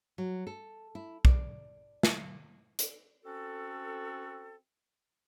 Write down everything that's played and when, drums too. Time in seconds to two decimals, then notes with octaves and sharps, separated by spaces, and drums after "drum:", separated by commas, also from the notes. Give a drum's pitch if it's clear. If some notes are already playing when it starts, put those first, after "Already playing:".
0.18 F#3
0.47 A4
0.95 E4
1.25 D5, drum: kick B1
2.03 drum: snare
2.79 drum: hi-hat
3.25 C4 C#4 F#4 A4